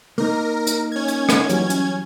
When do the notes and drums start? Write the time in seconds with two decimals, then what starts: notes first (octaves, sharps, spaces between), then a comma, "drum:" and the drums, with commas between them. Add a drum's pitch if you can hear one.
0.18 A#3 D#4 A#4
0.67 drum: hi-hat
0.92 C#4 G#6
1.08 drum: hi-hat
1.29 drum: rim click
1.49 E3 F#3 G3, drum: hi-hat
1.70 drum: hi-hat